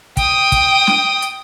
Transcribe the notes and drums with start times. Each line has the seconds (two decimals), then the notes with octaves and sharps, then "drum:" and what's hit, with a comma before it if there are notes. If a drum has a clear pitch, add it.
0.17 G5 D#6, drum: kick, hi-hat
0.52 drum: kick, hi-hat
0.87 drum: snare
1.22 drum: hi-hat